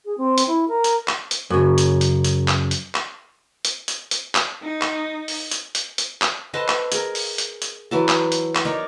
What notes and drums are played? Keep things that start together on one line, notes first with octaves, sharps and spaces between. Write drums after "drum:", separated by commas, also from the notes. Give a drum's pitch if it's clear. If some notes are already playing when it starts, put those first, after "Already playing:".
G#4
C4
drum: hi-hat
E4
A#4
drum: hi-hat
drum: clap
drum: hi-hat
F#2 C#3
drum: hi-hat
drum: hi-hat
drum: hi-hat
drum: clap
drum: hi-hat
drum: clap
drum: hi-hat
drum: hi-hat
drum: hi-hat
drum: clap
D#4
drum: clap
drum: open hi-hat
drum: hi-hat
drum: hi-hat
drum: hi-hat
drum: clap
A4 B4 C5 D#5
drum: clap
G#4 A#4, drum: hi-hat
drum: open hi-hat
drum: hi-hat
drum: hi-hat
E3 F#3 A4
drum: clap
drum: hi-hat
drum: clap
D#4 A#4 C#5 D5